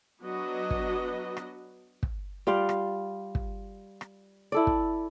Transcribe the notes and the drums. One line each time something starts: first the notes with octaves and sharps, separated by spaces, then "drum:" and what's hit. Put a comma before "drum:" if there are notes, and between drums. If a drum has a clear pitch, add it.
F#3 B3 D4 F#4 B4 D#5
drum: kick
drum: rim click
drum: kick
G3 F4 D5 F5
drum: rim click
drum: kick
drum: rim click
E4 A4 D5
drum: kick